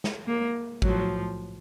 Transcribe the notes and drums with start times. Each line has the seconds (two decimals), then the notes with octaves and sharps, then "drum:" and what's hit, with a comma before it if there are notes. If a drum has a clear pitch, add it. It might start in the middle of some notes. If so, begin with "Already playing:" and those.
0.04 drum: snare
0.27 A#3
0.82 A2 F3 F#3, drum: kick A1